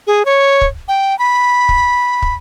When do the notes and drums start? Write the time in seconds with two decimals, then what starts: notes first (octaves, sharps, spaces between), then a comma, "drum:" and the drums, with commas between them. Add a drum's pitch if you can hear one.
0.07 G#4
0.25 C#5
0.61 drum: kick
0.88 G5
1.19 B5
1.69 drum: kick
2.22 drum: kick